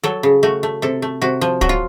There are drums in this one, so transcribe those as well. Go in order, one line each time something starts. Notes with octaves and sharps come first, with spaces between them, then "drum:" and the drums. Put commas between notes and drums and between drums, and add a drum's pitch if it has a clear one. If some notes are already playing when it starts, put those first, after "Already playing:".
F#3 A4
C#3
A3 F#4
A3
C3 A4
A3
C3 F#4
F3
F#3 F#4, drum: kick
F4